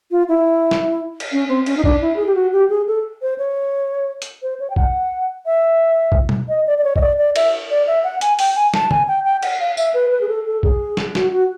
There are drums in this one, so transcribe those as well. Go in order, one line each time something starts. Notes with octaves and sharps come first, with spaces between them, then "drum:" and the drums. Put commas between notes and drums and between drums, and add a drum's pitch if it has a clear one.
F4
E4
drum: snare
drum: cymbal
C#4
C4
C#4, drum: cymbal
D#4
D4, drum: kick B1
E4
G#4
G4
F#4
G4
G#4
A4
C5
C#5
drum: hi-hat
C5
C#5
G5
F#5, drum: kick B1
E5
drum: kick B1
drum: tom
D#5
D5
D5
C#5
D#5, drum: kick B1
D5
D5
E5, drum: cymbal
D5
E5
F#5
G#5, drum: hi-hat
G5, drum: open hi-hat
G#5
A5, drum: snare
G#5, drum: tom
G5
G5
F#5, drum: cymbal
F5
E5, drum: tambourine
B4
B4
G#4
A4
A4
G#4, drum: kick B1
drum: snare
F#4, drum: snare
F#4